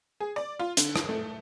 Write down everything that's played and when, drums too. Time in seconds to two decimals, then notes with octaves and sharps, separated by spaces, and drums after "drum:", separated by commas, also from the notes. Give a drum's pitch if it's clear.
0.20 G#4
0.36 D5
0.59 F4
0.77 D3, drum: hi-hat
0.96 drum: rim click
1.09 A3